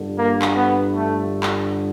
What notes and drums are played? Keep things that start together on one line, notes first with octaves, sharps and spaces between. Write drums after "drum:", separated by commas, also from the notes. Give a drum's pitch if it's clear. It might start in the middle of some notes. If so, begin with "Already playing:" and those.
Already playing: G1 G2 D3
A#3
drum: clap
B3
A3
drum: clap